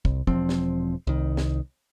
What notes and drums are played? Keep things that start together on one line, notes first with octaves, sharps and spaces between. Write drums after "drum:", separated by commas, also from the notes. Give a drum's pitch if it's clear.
C2, drum: kick
E1 F3 C4, drum: kick
drum: snare
C2 D#3
drum: snare